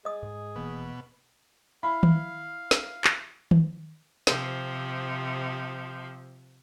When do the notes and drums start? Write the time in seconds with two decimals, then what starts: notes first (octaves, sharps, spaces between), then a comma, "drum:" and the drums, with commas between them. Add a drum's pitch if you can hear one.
0.05 G#4 D#5 D#6
0.23 G#2
0.56 D#1 B2 E3 A#3
1.83 E4 F5 B5
2.03 drum: tom D#3
2.71 drum: snare
3.04 drum: clap
3.51 drum: tom D#3
4.27 C3 F3, drum: snare